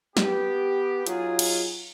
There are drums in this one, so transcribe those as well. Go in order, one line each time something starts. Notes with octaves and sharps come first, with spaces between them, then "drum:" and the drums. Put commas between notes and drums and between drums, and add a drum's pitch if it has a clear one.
B3 G4, drum: snare
F#3 D#4 F4 G#4, drum: hi-hat
drum: cymbal